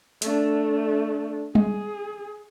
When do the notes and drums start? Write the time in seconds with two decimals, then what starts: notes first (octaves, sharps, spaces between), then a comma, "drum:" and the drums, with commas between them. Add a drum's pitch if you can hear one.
0.22 A3 D4, drum: hi-hat
1.55 G#4, drum: tom G3